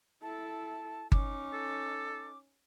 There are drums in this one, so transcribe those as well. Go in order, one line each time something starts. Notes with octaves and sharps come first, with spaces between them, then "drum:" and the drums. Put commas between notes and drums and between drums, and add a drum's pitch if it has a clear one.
E4 A4 A5
C#4 D#4 D6, drum: kick G1
A4